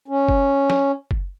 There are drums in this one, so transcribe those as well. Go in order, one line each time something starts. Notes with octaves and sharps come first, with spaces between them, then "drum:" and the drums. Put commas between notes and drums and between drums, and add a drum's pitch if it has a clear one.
C#4
drum: kick F#1
drum: snare
drum: kick F#1